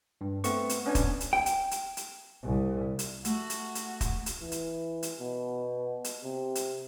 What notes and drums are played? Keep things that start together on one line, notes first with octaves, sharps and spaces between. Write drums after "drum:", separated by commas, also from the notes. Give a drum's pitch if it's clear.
G2
A3 B3 C4 C#6, drum: hi-hat
drum: hi-hat
B3 C#4 D4 D5 G#5
drum: kick, hi-hat
drum: hi-hat
G5
drum: hi-hat
drum: hi-hat
drum: hi-hat
C2
drum: hi-hat
A3 F#4, drum: hi-hat
drum: hi-hat
drum: hi-hat
drum: kick, hi-hat
drum: hi-hat
E3
drum: hi-hat
drum: hi-hat
B2
drum: hi-hat
C3
drum: hi-hat